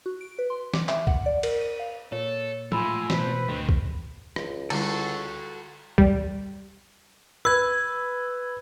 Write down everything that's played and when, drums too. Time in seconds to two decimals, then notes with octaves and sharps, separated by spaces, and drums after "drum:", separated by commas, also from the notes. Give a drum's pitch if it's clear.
0.06 F#4
0.21 D7
0.39 B4
0.50 C6
0.74 D6, drum: snare
0.89 E5, drum: clap
1.07 F#5, drum: kick
1.26 D5
1.43 A#4, drum: cymbal
1.61 D#7
1.79 F5
2.12 A#2 A4 C#5
2.72 A2 F4 G#5 B5 C6 E6, drum: tom
3.10 B2 B4 C5 B6, drum: snare
3.49 D2 D#3 C4
3.69 drum: kick
4.36 C#2, drum: rim click
4.70 D3 G3 E4 F#4 A4, drum: cymbal
5.98 G3, drum: kick
7.45 B4 E6 G#6